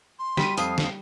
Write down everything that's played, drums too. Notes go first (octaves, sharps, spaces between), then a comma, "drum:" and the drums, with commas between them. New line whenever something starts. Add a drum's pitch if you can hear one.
C6
G3 B6 D#7, drum: snare
F2 F5 D#6, drum: tambourine
drum: snare